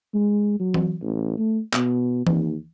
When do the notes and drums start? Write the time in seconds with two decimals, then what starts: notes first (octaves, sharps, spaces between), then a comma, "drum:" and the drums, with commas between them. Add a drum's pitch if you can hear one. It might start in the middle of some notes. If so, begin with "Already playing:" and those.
0.14 G#3
0.60 F#3
0.74 drum: tom E3
1.02 A1
1.38 A3
1.73 B2, drum: clap
2.27 D#2, drum: tom E3